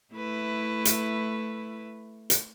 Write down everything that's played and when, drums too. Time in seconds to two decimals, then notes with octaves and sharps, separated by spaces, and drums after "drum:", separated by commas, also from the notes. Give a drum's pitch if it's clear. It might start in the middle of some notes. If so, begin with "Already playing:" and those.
0.13 A3 E4 B4
0.85 drum: hi-hat
2.30 drum: hi-hat